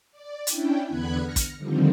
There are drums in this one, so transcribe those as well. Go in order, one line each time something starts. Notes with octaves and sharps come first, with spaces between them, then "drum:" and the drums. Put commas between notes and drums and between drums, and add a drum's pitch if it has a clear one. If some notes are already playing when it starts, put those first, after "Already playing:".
D5
C#4 D4 E4 G5, drum: hi-hat
E2 D3 B3 B5 F#6 G#6
F6 A#6 C#7
drum: kick, hi-hat
D3 D#3 F3 G3 C4